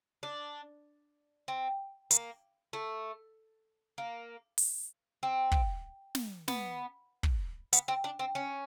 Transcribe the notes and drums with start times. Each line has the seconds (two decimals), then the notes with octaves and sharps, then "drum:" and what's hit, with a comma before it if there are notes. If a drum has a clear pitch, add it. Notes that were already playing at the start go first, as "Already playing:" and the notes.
0.23 D4
1.48 C4
2.11 A#3, drum: hi-hat
2.73 A3
3.98 A#3
4.58 drum: open hi-hat
5.23 C4
5.52 drum: kick
6.15 drum: snare
6.48 B3, drum: snare
7.23 drum: kick
7.73 B3, drum: hi-hat
7.88 C4
8.04 D4
8.19 C4
8.35 C#4